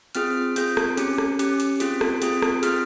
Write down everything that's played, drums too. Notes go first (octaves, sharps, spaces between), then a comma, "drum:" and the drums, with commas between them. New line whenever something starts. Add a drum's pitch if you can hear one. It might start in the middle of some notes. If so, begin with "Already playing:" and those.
C4 F4 G#4 F6, drum: hi-hat
C4 F4 G#4 G6, drum: hi-hat
drum: rim click
C#4 G4, drum: hi-hat
drum: rim click
C#4 G4, drum: hi-hat
drum: hi-hat
C4 F4 G#4, drum: hi-hat
drum: rim click
C4 F4 G#4, drum: hi-hat
drum: rim click
C4 F4 G#4 F6, drum: hi-hat